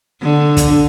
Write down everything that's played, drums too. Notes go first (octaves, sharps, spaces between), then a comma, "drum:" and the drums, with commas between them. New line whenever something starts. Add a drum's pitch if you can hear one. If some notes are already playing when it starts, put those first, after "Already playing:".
D3
drum: kick, hi-hat